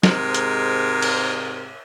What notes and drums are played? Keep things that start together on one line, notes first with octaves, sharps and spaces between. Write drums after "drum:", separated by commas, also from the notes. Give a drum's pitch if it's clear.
G#2 C3 G#3 A#4, drum: snare
drum: hi-hat
drum: cymbal